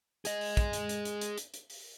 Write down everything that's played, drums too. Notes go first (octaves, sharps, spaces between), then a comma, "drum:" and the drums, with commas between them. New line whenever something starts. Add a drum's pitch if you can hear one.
G#4 D#5, drum: hi-hat
drum: open hi-hat
drum: kick, hi-hat
drum: hi-hat
drum: hi-hat
drum: hi-hat
drum: hi-hat
drum: hi-hat
drum: hi-hat
drum: open hi-hat